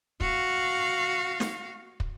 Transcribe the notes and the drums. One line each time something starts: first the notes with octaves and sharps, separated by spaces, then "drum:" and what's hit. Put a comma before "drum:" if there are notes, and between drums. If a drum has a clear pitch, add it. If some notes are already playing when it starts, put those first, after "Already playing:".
F#4 F5, drum: kick
drum: snare
drum: kick